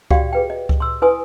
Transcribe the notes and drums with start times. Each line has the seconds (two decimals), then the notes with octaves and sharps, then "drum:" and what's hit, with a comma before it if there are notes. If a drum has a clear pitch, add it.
0.11 F#4 G4 D5 F5 G5, drum: kick C#2
0.33 G#4 B4 G5
0.50 D#5
0.69 drum: kick C#2
0.80 C6 E6
1.02 E4 B4 G#5 C6 D#6